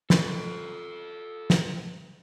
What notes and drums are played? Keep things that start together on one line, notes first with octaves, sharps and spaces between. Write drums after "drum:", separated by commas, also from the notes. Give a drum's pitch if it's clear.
A4 C5, drum: snare
drum: snare